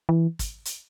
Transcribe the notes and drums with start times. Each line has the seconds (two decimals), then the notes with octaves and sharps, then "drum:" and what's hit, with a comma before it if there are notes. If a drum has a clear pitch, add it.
0.09 E3
0.39 drum: kick G#1, hi-hat
0.65 drum: hi-hat